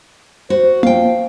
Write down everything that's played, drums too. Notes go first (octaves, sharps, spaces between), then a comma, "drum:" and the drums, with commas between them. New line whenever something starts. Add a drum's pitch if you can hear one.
F#4 C5
F3 F5 G5, drum: tom A#3